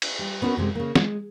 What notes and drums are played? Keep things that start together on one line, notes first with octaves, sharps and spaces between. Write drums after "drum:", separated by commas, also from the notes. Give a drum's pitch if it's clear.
drum: cymbal
G3
B3 C#4 F#4 G#4 A#4 B4
F#2 C3 G#3
C#3 A#3
G#3, drum: snare